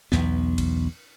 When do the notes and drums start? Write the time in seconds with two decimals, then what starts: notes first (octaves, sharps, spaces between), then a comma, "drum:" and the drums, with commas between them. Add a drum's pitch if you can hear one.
0.12 B1 E2 B3, drum: snare
0.58 drum: kick, cymbal